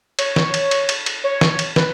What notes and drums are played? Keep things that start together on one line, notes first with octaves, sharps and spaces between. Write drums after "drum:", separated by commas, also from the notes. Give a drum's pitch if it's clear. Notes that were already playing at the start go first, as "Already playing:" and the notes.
C#5, drum: cymbal
drum: snare
drum: cymbal
drum: cymbal
drum: cymbal
drum: cymbal
C#5
drum: snare
drum: cymbal
B4, drum: snare